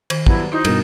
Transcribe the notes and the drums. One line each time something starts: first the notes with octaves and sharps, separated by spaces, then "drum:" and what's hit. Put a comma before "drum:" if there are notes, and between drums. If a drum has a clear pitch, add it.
D#3, drum: cymbal
G2 F#3 B3 E4, drum: kick
D#4 E4 F#4 C5 D#5 C6
G2 B2 A#4, drum: cymbal